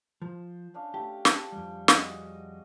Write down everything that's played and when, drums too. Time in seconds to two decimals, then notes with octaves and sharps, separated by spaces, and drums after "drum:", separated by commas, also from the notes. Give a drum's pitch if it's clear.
0.22 F3 C5
0.74 C#4 D4 F5
0.94 A3 G4
1.25 drum: snare
1.52 F2 G3
1.88 F#4 G#4 D#5, drum: snare